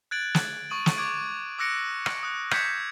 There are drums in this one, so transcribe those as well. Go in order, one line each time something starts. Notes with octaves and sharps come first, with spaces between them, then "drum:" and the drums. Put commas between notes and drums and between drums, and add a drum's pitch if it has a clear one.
F#6 G#6 A6 D7 F#7
drum: snare
C#6 D#6 D#7 F#7
drum: snare
C#6 D6 G#6 D7
D6 E6 F#6 A#6 C#7 D7
drum: rim click
D#6 F#6
G6 G#6 B6 C#7 E7, drum: rim click